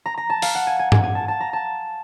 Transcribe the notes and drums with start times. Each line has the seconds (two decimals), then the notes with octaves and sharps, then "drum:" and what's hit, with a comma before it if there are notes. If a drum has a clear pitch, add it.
0.06 A#5
0.18 A#5
0.30 A5
0.42 F5, drum: open hi-hat
0.55 F#5
0.67 G#5
0.79 G#5
0.92 G#5, drum: tom G2
1.03 G#5
1.15 A5
1.28 A5
1.41 A#5
1.53 A5